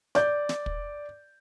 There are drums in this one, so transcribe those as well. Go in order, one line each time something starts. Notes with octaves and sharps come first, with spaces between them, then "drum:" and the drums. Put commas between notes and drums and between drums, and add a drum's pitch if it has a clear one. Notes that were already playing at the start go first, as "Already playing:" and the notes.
D5 G6, drum: snare
drum: snare
drum: kick